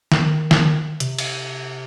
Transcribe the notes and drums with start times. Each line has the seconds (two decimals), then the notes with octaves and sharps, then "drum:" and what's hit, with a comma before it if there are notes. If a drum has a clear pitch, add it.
0.12 D#3, drum: snare
0.51 drum: snare
1.00 C3, drum: hi-hat
1.19 drum: cymbal